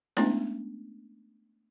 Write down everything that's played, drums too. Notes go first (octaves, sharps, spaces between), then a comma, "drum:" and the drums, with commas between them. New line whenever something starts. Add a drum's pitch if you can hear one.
G#3 A3 B3 C#4 D4, drum: snare E4